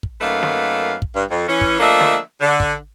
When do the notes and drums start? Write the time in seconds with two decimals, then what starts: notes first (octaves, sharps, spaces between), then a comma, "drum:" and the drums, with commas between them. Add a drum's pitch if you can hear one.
0.03 drum: kick
0.21 F#2 A3 A#3 D#4 B4 F5
0.43 drum: snare
1.02 drum: kick
1.14 G2
1.31 F2
1.48 E3 C#4
1.61 drum: kick
1.80 F3 A3 A#3 D4 D#5 E5
2.01 drum: snare
2.40 D3
2.60 drum: kick